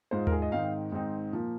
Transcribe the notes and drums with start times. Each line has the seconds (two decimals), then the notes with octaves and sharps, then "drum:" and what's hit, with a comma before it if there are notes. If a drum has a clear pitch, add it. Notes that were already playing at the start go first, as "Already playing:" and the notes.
0.11 G#2 G#3 F4 C5
0.27 A#4, drum: tom D#2
0.32 G#4
0.42 D#5
0.52 G#2 D#3 C4 D#4 F5
0.92 G#2 D#3 C4 D#4
1.33 A#2 F3 A#3